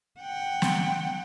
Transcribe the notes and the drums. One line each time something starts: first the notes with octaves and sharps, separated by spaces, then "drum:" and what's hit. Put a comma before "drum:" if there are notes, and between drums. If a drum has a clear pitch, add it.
F#5 G5
drum: snare